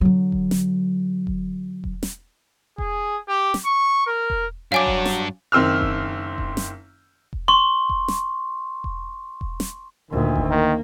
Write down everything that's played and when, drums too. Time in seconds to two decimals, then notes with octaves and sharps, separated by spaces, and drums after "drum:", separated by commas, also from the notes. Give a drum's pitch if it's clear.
0.01 D3 F#3
0.32 drum: kick E1
0.51 drum: snare
1.27 drum: kick E1
1.84 drum: kick E1
2.03 drum: snare
2.78 G#4, drum: kick E1
3.28 G4
3.54 drum: snare
3.65 C#6
4.07 A#4
4.30 drum: kick E1
4.72 G2 F#3 D4 C#5 F5 G#5 D6
4.87 drum: kick E1
5.05 drum: snare
5.52 F#1 D#3 C4 E6 F6
5.81 drum: kick E1
6.38 drum: kick E1
6.57 drum: snare
7.33 drum: kick E1
7.48 C6 C#6
7.89 drum: kick E1
8.08 drum: snare
8.84 drum: kick E1
9.41 drum: kick E1
9.60 drum: snare
10.10 D2 A#2 D#3
10.36 drum: kick E1
10.48 D#3 A#3